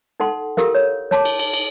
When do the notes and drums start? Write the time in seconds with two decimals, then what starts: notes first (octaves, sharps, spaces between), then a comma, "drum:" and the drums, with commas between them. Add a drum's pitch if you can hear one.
0.20 D#4 A4 F#5 C6
0.57 E4 G4 A4 A#4 F5, drum: snare
0.75 C#5
1.11 C#5 A5 C6 D6, drum: snare
1.25 drum: cymbal
1.39 drum: cymbal
1.53 drum: cymbal